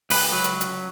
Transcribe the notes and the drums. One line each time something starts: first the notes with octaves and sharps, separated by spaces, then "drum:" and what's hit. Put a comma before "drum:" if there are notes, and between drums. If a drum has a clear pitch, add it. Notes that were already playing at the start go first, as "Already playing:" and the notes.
C#2 B4, drum: open hi-hat
F#3
drum: hi-hat
drum: hi-hat